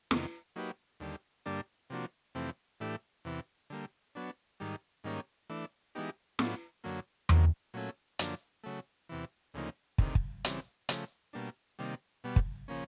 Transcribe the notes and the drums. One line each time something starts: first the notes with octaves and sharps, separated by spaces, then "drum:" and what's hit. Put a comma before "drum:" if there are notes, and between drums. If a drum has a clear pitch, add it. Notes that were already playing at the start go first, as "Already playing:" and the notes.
E2 C3 D#3, drum: snare
F#3 A#3 D#4 G4 B4
D#2 D3 G3
G2 D3 G3 A#3 D4
C3 F3 A#3 D4 F#4
F2 C3 E3 A3 C4
A2 E3 A3 D4 G4
E2 C3 E3
D3 G3 A#3
F#3 B3 D4
G#2 D#3 G3
G#2 D#3 G3 A#3 C#4
E3 A3 D4
E3 G#3 B3 D#4 G4
A2 F#3 B3 D4 F4, drum: snare
F#2 D3 F#3 A#3
C3 D#3 F#3 A#3, drum: tom E2
A#2 F#3 A3 C#4
F#2 D3 F3 A#3 D4, drum: hi-hat
C#3 F#3 A3
E2 C3 E3
D2 C#3 F3 A#3 D#4
D2 C3 D#3, drum: kick
drum: kick
C#3 E3 G3 C4, drum: hi-hat
C#3 F3 A3, drum: hi-hat
B2 G3 A#3 D4
C3 D#3 G3 A#3
B2 G3 B3
drum: kick
C#3 F3 A#3 C#4